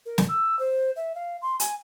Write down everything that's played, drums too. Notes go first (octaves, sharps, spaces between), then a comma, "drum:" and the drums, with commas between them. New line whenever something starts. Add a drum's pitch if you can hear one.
A#4
drum: snare
E6
C5
E5
F5
C6
G#5, drum: hi-hat